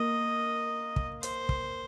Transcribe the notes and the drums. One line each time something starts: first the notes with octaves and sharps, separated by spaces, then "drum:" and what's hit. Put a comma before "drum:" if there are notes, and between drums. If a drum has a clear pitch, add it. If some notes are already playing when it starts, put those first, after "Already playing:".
Already playing: A#3 D#5
drum: kick
C5, drum: hi-hat
drum: kick